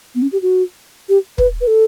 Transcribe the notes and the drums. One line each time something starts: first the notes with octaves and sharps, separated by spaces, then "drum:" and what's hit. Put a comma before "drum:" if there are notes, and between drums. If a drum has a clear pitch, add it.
B3
C#4
G4
F#4
G4
B4, drum: kick
B4
A4